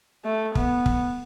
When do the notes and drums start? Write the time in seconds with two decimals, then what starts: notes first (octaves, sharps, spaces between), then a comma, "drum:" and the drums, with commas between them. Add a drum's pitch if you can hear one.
0.24 A3
0.55 B3, drum: kick
0.86 drum: kick